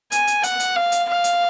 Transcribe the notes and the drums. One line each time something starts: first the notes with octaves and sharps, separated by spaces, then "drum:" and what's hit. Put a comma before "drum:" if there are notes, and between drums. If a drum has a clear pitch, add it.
G#5, drum: hi-hat
drum: hi-hat
F#5, drum: hi-hat
drum: hi-hat
F5
drum: hi-hat
F5
drum: hi-hat